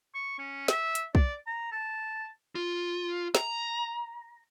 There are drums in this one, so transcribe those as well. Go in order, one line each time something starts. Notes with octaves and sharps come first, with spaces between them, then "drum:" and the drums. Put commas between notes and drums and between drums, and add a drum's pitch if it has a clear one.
C#6
C#4
E5, drum: snare
drum: hi-hat
D5, drum: kick
A#5
A5
F4
A#5, drum: snare